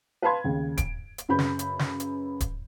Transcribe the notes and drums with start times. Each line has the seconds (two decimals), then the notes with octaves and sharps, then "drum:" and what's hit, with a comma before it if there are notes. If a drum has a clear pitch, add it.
0.22 B4 F5 A5 B5 C6 G#6
0.44 D#2 C#3
0.77 D7, drum: kick D1, hi-hat
1.18 drum: hi-hat
1.29 F#2 C#3 B4 B5 G6
1.39 drum: snare
1.59 drum: hi-hat
1.79 drum: snare
2.00 drum: hi-hat
2.40 drum: kick D1, hi-hat